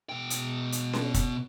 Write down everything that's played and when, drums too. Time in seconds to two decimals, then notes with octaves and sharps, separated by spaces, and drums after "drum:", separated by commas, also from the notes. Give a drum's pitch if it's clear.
0.09 B2 G5
0.30 drum: hi-hat
0.72 drum: hi-hat
0.93 drum: snare C#4
1.14 drum: kick, hi-hat